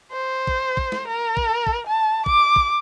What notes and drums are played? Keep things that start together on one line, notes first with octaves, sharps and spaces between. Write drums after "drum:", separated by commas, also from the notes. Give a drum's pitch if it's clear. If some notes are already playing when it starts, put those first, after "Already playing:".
C5
drum: kick
drum: kick
drum: snare
A#4
drum: kick
drum: kick
A5
D6, drum: kick
drum: kick